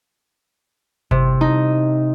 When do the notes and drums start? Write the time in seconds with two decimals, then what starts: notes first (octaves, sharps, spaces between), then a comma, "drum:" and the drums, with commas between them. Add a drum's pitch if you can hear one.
1.11 C3, drum: kick G1
1.41 D#4